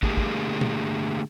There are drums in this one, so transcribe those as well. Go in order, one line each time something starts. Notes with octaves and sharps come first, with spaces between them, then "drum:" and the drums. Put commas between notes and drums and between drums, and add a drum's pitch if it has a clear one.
D3 A3 A#3 G4 G#4, drum: kick
drum: kick
drum: tom